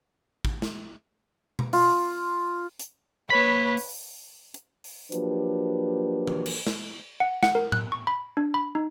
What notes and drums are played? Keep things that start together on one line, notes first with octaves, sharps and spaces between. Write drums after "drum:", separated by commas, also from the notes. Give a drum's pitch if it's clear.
drum: kick
drum: snare
drum: tom B2
F4, drum: open hi-hat
drum: hi-hat
A#3 B4 C#5 B5 B6
drum: open hi-hat
drum: hi-hat
drum: open hi-hat
F3 F#3 A#3 D4 G4 B4, drum: hi-hat
drum: tom E3
drum: cymbal
drum: snare
F#5
F#5, drum: snare
A#4
F#6, drum: tom A2
C#6
B5
D4
B5
D#4